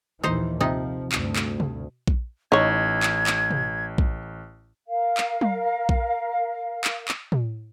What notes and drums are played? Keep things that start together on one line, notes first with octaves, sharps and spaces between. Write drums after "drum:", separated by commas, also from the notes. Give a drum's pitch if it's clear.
A#1 D#2 E3 D#4 C5
C3 F3 D#4
D2 G2, drum: clap
drum: clap
drum: tom B2
drum: kick A#1
A1 D#4 C#5 G#6
drum: clap
drum: clap
drum: tom B2
drum: kick A#1
A#4 F5
drum: clap
drum: tom F#3
drum: kick A#1
drum: clap
drum: clap
drum: tom